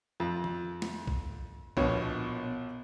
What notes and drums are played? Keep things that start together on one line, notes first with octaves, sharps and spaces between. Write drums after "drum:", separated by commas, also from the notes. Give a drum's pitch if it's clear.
F2
drum: tom D#3
drum: snare
drum: kick B1
A#1 B2 C#5, drum: kick B1